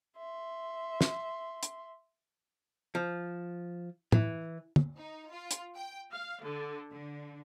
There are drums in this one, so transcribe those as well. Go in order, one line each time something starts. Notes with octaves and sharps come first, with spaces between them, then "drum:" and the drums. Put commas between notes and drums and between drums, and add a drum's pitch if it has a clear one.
E5 C6
drum: snare
drum: hi-hat
F3
E3, drum: tom
drum: tom
D#4
F4
drum: hi-hat
G5
F5
D3
D3